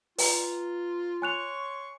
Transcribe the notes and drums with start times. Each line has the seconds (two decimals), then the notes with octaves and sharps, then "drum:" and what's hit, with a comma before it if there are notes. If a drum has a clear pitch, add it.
0.18 F4 B4 A#5, drum: open hi-hat
1.22 C#5 G#5 C6 C#6 F#6 F7